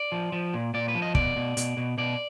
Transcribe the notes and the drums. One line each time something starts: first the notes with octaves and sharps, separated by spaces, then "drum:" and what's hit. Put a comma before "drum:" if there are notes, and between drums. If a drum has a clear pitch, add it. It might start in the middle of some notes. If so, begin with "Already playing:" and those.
Already playing: D5
F3
F3
A#2
A#2 D5
B4
F3
D#5
B2 D5, drum: kick
B2
B2, drum: hi-hat
B2
B2 D5